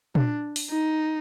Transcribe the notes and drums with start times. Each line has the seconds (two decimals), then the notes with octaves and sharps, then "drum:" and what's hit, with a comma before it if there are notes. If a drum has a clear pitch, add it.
0.15 D4, drum: tom A#2
0.56 drum: open hi-hat
0.70 D#4